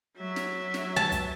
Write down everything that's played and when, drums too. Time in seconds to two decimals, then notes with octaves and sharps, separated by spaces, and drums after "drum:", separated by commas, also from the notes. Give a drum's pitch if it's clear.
0.17 F#3 E5
0.36 drum: snare
0.74 drum: snare
0.96 A5
1.12 drum: kick, hi-hat